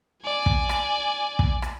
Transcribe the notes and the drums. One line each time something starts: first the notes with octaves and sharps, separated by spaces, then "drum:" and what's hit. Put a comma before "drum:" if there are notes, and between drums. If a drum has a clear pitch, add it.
D5 G#5
drum: kick
drum: rim click
drum: kick
drum: rim click